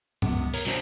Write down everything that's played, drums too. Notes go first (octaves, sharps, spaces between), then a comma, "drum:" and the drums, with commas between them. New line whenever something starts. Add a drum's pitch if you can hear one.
C#2 C3 B3, drum: tom G2
A#4 C#5 A#5, drum: open hi-hat
F#3 D4 C5 A#6 B6